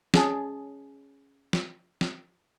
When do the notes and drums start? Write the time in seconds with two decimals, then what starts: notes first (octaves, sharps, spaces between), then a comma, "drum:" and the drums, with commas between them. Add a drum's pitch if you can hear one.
0.14 C#4 G#4 A5, drum: snare
1.53 drum: snare
2.01 drum: snare